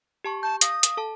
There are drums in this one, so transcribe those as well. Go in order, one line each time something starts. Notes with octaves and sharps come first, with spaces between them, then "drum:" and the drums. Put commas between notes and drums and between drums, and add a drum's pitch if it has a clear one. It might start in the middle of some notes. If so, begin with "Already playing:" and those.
G4 A5 C#6
A5 G6
F5 D#6 A#6, drum: hi-hat
drum: hi-hat
A4 A5